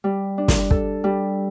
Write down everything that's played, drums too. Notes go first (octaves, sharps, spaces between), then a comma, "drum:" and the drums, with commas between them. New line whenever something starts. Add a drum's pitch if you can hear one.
G3
D4
drum: snare
A4, drum: kick
G3